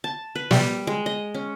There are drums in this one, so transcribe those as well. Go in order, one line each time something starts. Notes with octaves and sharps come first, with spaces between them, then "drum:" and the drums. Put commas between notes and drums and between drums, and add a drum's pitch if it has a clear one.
A5
B4
G3, drum: snare
G#3
D#5
C#4